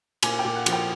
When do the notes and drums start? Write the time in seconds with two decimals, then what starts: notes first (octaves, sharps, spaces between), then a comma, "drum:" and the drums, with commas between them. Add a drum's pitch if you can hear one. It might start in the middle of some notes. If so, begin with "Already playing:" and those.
0.23 A#2 G#5, drum: cymbal
0.39 G5
0.45 A#2
0.56 F#5
0.66 F3, drum: cymbal
0.73 G5